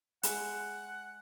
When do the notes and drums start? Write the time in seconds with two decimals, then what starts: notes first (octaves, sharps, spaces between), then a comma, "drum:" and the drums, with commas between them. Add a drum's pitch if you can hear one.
0.23 G#3 F#5, drum: hi-hat